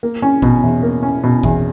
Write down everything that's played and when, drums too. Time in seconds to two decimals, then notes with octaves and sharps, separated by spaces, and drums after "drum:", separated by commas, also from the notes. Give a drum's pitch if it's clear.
0.03 A#3
0.22 C#4
0.42 B2, drum: kick G#1
0.63 E2
0.83 A#3
1.03 C#4
1.24 B2
1.43 E2, drum: kick G#1